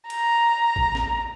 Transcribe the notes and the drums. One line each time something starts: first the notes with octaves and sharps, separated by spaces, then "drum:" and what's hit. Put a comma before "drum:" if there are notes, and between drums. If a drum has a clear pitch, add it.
A#5, drum: cymbal
drum: kick A1
drum: snare